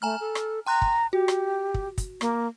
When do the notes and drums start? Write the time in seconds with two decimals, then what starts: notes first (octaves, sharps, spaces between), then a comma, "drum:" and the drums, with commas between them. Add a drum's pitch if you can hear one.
0.02 A3 G#5 A#5 F6
0.20 A4
0.35 drum: rim click
0.66 G5 A#5 C6 F#6
0.82 drum: kick
1.13 F#4 G4
1.28 drum: rim click
1.74 drum: kick
1.98 drum: kick, hi-hat
2.21 A#3, drum: rim click